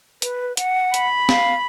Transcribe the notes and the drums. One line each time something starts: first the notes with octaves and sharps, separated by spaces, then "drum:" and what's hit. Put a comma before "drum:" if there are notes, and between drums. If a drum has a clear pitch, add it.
B4, drum: hi-hat
F#5, drum: hi-hat
B5, drum: hi-hat
F5, drum: snare